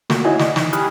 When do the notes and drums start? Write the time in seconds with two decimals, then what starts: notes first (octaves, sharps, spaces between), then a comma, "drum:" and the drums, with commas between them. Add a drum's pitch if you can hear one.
0.10 A3 A#3 F4 F#4, drum: snare
0.25 D#4 E4 F#4 C#5 D#5 G#5
0.39 D5 D#5, drum: snare
0.56 E3 D#4, drum: snare
0.73 G4 G#5 B5 D#6 F6 F#6, drum: hi-hat